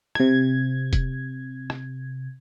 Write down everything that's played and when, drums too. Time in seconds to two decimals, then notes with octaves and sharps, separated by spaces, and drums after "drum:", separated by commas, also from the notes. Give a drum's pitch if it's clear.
0.15 C3 G#6, drum: rim click
0.93 drum: kick E1, hi-hat
1.70 drum: rim click